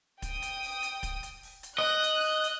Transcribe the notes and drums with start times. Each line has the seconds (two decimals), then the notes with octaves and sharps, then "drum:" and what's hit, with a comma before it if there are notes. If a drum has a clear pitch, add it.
0.22 G5 D#6, drum: kick, hi-hat
0.42 drum: hi-hat
0.63 drum: open hi-hat
0.83 drum: hi-hat
1.03 drum: kick, hi-hat
1.23 drum: hi-hat
1.43 drum: open hi-hat
1.63 drum: hi-hat
1.79 D#5 F#6
2.03 drum: hi-hat
2.24 drum: open hi-hat
2.44 drum: hi-hat